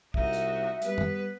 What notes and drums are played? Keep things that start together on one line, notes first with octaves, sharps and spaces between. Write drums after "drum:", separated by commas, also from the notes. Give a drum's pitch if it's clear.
C2 D#4 F#4 E5, drum: kick
drum: hi-hat
G3 B3 B4, drum: hi-hat
drum: tom